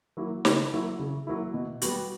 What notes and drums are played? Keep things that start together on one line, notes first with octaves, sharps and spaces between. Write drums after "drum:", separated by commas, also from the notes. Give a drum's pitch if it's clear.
F#3 A#3 E4
C#3, drum: snare
F#3 A#3 E4
C#3
F#3 A#3 E4
B2
G3 B3 F#4, drum: hi-hat